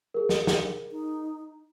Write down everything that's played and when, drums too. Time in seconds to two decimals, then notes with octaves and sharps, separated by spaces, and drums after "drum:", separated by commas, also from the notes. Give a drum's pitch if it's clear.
0.14 G#4 A#4
0.29 drum: snare
0.47 drum: snare
0.91 D#4